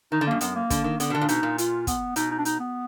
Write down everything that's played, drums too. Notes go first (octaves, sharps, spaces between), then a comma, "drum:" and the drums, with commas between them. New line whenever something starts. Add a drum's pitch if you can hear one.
D#3 D#4
D3
F#2 A#3
F#2 B3, drum: hi-hat
A#3
D3, drum: kick, hi-hat
D#3
D3 B3, drum: hi-hat
B2
D3 D4
A#2
B2 D#4, drum: hi-hat
A#2
F4, drum: hi-hat
B3, drum: kick, hi-hat
B2 D#4, drum: hi-hat
D#4
D4
D#4, drum: hi-hat
B3